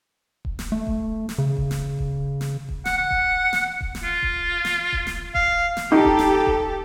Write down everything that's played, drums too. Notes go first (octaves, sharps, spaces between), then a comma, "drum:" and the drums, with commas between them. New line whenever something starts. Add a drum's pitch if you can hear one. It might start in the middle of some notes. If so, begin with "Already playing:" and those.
drum: kick D#1
drum: snare
A3
drum: kick D#1
drum: snare
C#3
drum: kick D#1
drum: snare
drum: kick D#1
drum: snare
drum: kick D#1
F#5, drum: snare
F#5
drum: kick D#1
drum: snare
drum: kick D#1
drum: snare
F4
drum: kick D#1
drum: snare
drum: kick D#1
drum: snare
F5, drum: kick D#1
drum: snare
D#4 G4 A4
drum: kick D#1
drum: snare
drum: kick D#1